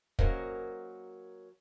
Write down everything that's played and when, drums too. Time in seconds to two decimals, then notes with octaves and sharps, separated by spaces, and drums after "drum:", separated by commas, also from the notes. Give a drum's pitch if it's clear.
0.19 F#3 A#3 C#4 A#4 C5 D#5, drum: kick